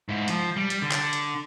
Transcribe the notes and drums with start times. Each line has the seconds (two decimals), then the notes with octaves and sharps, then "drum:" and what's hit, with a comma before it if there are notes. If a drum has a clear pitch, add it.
0.09 G#2 E4
0.28 F3, drum: hi-hat
0.56 G3
0.70 drum: hi-hat
0.82 D3
0.92 drum: clap
1.13 drum: hi-hat